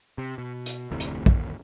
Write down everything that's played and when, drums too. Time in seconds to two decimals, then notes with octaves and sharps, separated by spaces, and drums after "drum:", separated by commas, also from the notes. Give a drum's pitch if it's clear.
0.18 C3
0.38 B2
0.66 drum: hi-hat
0.91 F1 D2 A2 C3
1.00 drum: hi-hat
1.26 G1 D#2, drum: kick